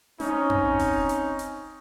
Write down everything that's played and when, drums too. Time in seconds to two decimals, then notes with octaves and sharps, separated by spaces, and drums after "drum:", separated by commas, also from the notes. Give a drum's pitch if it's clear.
0.20 C4 C#4 D#4, drum: snare
0.50 drum: tom F2
0.79 drum: kick F1, open hi-hat
1.09 drum: hi-hat
1.39 drum: hi-hat